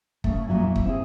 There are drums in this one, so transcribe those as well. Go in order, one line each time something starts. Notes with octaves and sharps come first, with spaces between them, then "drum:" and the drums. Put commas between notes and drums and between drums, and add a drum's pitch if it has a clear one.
C#3 A3, drum: kick
F2 A#2 F#3 E4 G#5
A#3 E4
drum: kick
C4 E4 G#4